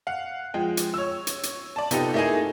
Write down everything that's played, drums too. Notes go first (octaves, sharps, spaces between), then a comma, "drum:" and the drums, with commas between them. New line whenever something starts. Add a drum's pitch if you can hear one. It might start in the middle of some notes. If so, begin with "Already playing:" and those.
F5 F#5
F3 G#3 G5
drum: hi-hat
C#5 E6
drum: hi-hat
drum: hi-hat
D5 A5
C3 B3 D#4 F4 G4 A4, drum: hi-hat
A3 A#3 D#4 E4 G#4